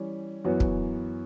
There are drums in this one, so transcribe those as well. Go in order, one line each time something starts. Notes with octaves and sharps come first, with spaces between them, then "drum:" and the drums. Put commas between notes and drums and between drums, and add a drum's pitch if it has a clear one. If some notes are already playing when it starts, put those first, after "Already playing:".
Already playing: E3 G3 C#4
F#2 E3 B3 F#4 C#5
drum: kick